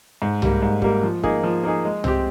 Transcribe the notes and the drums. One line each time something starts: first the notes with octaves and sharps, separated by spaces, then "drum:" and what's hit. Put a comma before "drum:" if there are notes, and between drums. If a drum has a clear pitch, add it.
G#2
G3 A#3, drum: tom C2
G#2
G3 A#3, drum: kick
F3
A#3 D#4 G#4, drum: kick
F3
A#3 D#4 G#4
G#3
C4 G4, drum: tom C2